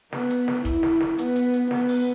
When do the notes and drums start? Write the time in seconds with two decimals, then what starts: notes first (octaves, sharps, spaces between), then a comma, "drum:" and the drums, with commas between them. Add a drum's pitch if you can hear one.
0.13 B3, drum: snare
0.30 drum: hi-hat
0.48 drum: snare
0.65 E4, drum: kick, hi-hat
0.83 drum: snare
1.00 drum: snare
1.18 B3, drum: hi-hat
1.36 drum: hi-hat
1.53 drum: hi-hat
1.71 B3, drum: snare
1.88 drum: open hi-hat